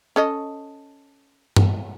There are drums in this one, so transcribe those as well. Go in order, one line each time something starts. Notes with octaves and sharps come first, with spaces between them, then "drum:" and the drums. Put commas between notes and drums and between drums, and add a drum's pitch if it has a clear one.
C#4 A4 D#5
drum: tom G2